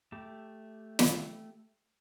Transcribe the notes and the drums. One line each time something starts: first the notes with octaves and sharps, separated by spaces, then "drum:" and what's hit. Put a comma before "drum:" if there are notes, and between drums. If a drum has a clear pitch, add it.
A3 G4 A5 D6
drum: snare